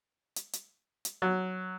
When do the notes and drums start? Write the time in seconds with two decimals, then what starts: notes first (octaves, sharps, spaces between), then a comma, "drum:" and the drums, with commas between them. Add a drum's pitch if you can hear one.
0.36 drum: hi-hat
0.53 drum: hi-hat
1.05 drum: hi-hat
1.22 F#3